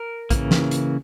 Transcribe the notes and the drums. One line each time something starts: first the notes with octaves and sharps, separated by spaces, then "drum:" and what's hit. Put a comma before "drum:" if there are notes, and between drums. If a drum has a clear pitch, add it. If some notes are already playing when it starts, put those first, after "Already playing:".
Already playing: A#4
C#3 E3 A#3, drum: kick A#1, hi-hat
drum: snare
drum: hi-hat